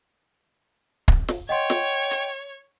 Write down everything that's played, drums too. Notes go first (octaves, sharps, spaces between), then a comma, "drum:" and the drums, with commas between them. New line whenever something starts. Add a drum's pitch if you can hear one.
drum: kick
drum: snare
C#5 D#5 F#5 G5 C6
drum: snare
drum: hi-hat